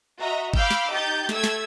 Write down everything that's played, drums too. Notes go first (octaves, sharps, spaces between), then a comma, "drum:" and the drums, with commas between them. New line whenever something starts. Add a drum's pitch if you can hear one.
F#4 D#5 E5 A#5
F5 B5 D6 E6 F6 G6, drum: kick G1
drum: snare
D#4 G4 G6 A6
A3 E6 G#6, drum: snare
drum: snare